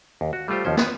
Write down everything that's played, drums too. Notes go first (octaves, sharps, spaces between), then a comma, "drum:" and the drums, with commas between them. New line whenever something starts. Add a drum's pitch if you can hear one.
D#2
F#4
G3 A3 F4 G4 C5
D#2 F3 C#4 C5
B3, drum: snare